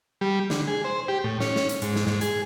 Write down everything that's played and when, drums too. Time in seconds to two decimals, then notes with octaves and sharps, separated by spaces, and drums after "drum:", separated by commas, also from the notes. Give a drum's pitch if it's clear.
0.21 G3
0.50 D3, drum: snare
0.68 G#4
0.84 C5
1.08 G4
1.24 A2
1.40 C#4, drum: snare
1.56 drum: snare
1.69 drum: hi-hat
1.82 G#2, drum: hi-hat
1.96 drum: snare
2.07 G#2, drum: snare
2.21 G#4, drum: hi-hat